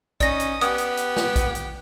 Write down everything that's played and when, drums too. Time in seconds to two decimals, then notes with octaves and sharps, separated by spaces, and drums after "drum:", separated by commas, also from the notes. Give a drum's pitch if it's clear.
0.20 C#4 D#4 D5 D#6 A#6, drum: kick A#1, hi-hat
0.40 drum: hi-hat
0.61 B3 G4 D#6, drum: hi-hat
0.78 drum: hi-hat
0.97 drum: hi-hat
1.16 drum: snare
1.36 drum: kick A#1, hi-hat
1.55 drum: hi-hat